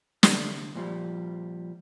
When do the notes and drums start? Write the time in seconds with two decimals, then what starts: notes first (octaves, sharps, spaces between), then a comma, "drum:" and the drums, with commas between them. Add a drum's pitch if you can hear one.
0.23 C2 D3 G3 G4, drum: snare
0.75 A#2 F3 G3